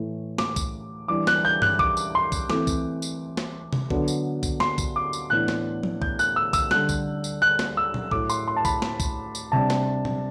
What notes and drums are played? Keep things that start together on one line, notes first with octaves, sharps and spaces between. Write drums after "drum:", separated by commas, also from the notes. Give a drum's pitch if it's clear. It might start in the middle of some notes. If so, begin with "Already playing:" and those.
Already playing: A2 E3 A3
D6, drum: snare
drum: kick B1, tambourine
E3 G3 D4 D6
F#6, drum: snare
G6
F#6, drum: tom G2
D6, drum: kick B1
drum: tambourine
C6
drum: kick B1, tambourine
E3 A3 C4 D6, drum: snare
drum: kick B1, tambourine
drum: tambourine
drum: snare
drum: tom C3
D3 F#3 B3, drum: kick B1
drum: tambourine
drum: kick B1, tambourine
C6, drum: snare
drum: kick B1, tambourine
D6
drum: tambourine
A2 E3 B3 D4 F#6
drum: snare
drum: tom F3
G6, drum: kick B1
F#6, drum: tambourine
E6
E6, drum: kick B1, tambourine
D3 G3 D4 F#6, drum: snare
drum: kick B1, tambourine
drum: tambourine
F#6
drum: snare
E6
drum: tom A#2
A2 F#3 A3 D6, drum: kick B1
C6, drum: tambourine
C6
A5
B5, drum: kick B1, tambourine
drum: snare
drum: kick B1, tambourine
drum: tambourine
C3 G3 D4 A5
drum: snare
drum: tom A#2